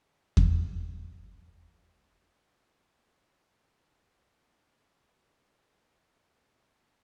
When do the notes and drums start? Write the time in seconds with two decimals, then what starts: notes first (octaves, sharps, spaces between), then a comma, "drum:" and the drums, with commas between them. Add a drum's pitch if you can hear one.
0.37 drum: kick E2
0.92 F#3 A4 B5
1.25 C4 D#5 G5
2.93 E3
3.35 C5 C#5 G5
4.23 D3 G#3 F#4 G4 C5 D5
5.42 F2 F#3 A#3 C4 G4 A4
6.34 F3 G#3